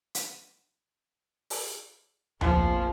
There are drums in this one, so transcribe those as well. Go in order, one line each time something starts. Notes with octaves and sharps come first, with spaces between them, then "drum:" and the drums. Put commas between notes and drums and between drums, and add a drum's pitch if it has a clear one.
drum: hi-hat
drum: open hi-hat
F1 A#1 F3, drum: tom D2